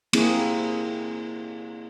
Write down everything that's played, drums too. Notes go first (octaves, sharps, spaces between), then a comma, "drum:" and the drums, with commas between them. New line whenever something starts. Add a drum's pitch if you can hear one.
A#3 C4 E4 G#4, drum: cymbal